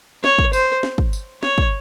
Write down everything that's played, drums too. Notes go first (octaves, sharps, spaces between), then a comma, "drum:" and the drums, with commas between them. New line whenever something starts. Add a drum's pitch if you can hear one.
C#5, drum: snare
drum: kick
C5, drum: tambourine
drum: snare
drum: kick
drum: tambourine
C#5, drum: snare
drum: kick